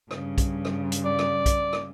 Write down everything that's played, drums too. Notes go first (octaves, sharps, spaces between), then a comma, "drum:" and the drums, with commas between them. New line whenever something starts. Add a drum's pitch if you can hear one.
G2 C#3, drum: rim click
drum: kick B1, hi-hat
drum: rim click
drum: hi-hat
D5
drum: rim click
drum: kick B1, hi-hat
drum: rim click